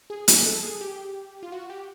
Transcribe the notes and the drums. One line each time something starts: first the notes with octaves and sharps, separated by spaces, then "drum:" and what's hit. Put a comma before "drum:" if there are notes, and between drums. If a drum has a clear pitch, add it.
G#4
G#4, drum: hi-hat
A4
G#4
G4
F4
F#4
G4